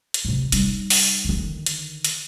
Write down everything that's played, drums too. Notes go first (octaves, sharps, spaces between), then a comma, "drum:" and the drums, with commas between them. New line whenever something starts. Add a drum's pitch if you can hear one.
drum: hi-hat
A2 C3
G3 D#4, drum: hi-hat
drum: open hi-hat
D3 D#3
drum: hi-hat
drum: hi-hat